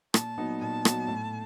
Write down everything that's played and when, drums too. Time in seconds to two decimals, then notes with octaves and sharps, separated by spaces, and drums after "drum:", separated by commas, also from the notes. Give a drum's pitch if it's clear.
0.14 A#2 A5, drum: rim click
0.38 F#3 B3 D#4
0.61 A#2 A5
0.85 F#3 B3 D#4, drum: rim click
1.08 A2